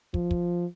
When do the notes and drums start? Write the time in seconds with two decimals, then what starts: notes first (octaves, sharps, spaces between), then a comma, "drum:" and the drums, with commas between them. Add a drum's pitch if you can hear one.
0.14 F3, drum: kick
0.31 drum: kick